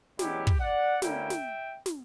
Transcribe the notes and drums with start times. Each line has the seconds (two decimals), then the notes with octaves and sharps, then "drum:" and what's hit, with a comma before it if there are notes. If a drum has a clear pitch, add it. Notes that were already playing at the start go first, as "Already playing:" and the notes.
0.19 E2 B2 F#3 C#4 E4 G4, drum: snare
0.47 drum: kick
0.60 D5 F#5
1.02 D2 D3 A#3 C#4 E4 E5 G5, drum: snare
1.30 drum: snare
1.86 drum: snare